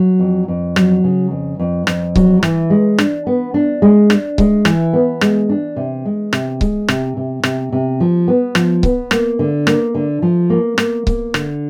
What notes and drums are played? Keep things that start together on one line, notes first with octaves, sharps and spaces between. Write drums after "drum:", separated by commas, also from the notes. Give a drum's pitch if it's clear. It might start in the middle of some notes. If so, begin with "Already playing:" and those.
Already playing: F#3
F2
F2
F#3, drum: rim click
C#3
F2
F2
F2, drum: rim click
F#3, drum: kick C#1
E3, drum: rim click
G#3
D4, drum: rim click
B3
D4
G#3
D4, drum: rim click
G#3, drum: kick C#1
E3, drum: rim click
B3
G#3, drum: rim click
D4
C3
G#3
C3, drum: rim click
G#3, drum: kick C#1
C3, drum: rim click
C3
C3, drum: rim click
C3
F3
B3
F3, drum: rim click
B3, drum: kick C#1
A#3, drum: rim click
D3
A#3, drum: rim click
D3
F3
A#3
A#3, drum: rim click
A#3, drum: kick C#1
D3, drum: rim click